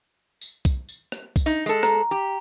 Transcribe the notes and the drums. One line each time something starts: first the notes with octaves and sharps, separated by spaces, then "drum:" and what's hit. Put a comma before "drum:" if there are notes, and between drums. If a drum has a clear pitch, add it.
drum: tambourine
drum: kick B1, tambourine
drum: tambourine
drum: rim click
drum: kick B1, tambourine
D#4
G#3 A4
A#5, drum: rim click
G4